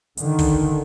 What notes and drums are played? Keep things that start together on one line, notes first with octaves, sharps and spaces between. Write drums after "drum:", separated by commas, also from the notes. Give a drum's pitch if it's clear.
D3 D#3, drum: hi-hat
drum: kick, open hi-hat